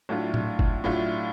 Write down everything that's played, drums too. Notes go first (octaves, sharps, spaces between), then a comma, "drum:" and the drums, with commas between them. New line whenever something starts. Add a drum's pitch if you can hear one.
A2 F#3 A3 D4 F4
drum: tom A2
drum: kick
A2 F#3 A3 D4 F4